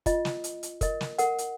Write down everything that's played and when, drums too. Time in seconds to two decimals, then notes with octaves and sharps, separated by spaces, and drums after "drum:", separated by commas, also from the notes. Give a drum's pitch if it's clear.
0.06 F4 D#5, drum: kick, hi-hat
0.25 drum: snare
0.44 drum: hi-hat
0.63 drum: hi-hat
0.81 A#4 D#5, drum: kick, hi-hat
1.01 drum: snare
1.18 A#4 F#5, drum: hi-hat
1.38 drum: hi-hat